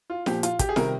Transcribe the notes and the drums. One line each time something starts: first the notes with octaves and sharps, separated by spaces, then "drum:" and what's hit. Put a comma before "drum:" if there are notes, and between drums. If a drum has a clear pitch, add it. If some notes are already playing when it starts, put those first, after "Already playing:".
F4
A#2 F3 G4, drum: snare
F4, drum: hi-hat
G4, drum: kick, hi-hat
G#4
C3 D#3 G3 A#4, drum: snare